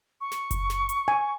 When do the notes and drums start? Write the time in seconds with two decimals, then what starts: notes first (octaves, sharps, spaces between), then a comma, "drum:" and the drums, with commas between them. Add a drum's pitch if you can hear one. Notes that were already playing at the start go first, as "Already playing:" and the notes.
0.21 C#6
0.32 drum: snare
0.51 drum: kick F#1, hi-hat
0.70 drum: snare
0.89 drum: hi-hat
1.08 G#5